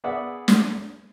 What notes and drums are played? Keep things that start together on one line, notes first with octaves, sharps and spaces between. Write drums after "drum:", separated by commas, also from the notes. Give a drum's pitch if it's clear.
B3 G#4 D5 E5 F#5
drum: snare